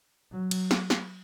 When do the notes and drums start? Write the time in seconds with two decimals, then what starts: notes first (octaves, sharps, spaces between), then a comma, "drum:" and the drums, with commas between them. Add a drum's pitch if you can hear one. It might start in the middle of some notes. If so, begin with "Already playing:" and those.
0.32 F#3
0.51 drum: cymbal
0.71 drum: snare
0.90 drum: snare